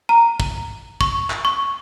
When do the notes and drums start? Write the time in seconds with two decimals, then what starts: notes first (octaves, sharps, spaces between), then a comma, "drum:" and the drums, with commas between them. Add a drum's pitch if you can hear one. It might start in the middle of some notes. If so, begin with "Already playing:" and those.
0.09 A#5
0.40 drum: kick
1.01 C#6, drum: kick
1.30 drum: clap
1.45 C#6